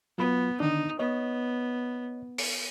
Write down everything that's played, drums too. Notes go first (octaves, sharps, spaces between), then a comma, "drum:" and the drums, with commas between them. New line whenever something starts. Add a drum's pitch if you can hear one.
F#3 B3 F4 B5
D3 D#3 D4 D#4
B3 C#5 D#5
drum: open hi-hat